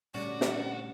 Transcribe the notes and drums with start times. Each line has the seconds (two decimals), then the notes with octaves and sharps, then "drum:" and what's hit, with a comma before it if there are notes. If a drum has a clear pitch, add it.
0.14 A#2 D3 G3 A3 C#4 F#4 D5
0.41 drum: snare